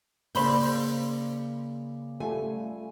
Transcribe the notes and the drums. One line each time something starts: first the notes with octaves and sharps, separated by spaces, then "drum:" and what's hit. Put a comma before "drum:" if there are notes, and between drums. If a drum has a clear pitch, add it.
C#3 A#3 C5 D5 B5 G6, drum: open hi-hat
drum: open hi-hat
G3 A3 F4 G#5